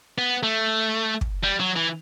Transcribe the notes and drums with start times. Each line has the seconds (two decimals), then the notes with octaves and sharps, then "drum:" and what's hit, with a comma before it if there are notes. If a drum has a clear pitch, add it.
0.18 B3
0.43 A3
1.21 drum: kick
1.43 G3
1.60 F#3
1.76 E3